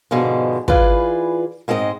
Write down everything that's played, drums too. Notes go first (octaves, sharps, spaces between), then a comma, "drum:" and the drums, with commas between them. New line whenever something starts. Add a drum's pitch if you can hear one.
G#2 B2 D3 F3 G#3
E3 F4 G#4 B4 D5, drum: kick
G#2 G#3 C4 A4 D#5